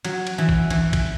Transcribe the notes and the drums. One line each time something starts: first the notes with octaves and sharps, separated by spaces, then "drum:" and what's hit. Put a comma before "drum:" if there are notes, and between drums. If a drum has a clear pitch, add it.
F#3, drum: cymbal
drum: cymbal
E3
drum: kick A#1
E3, drum: cymbal
drum: kick A#1, cymbal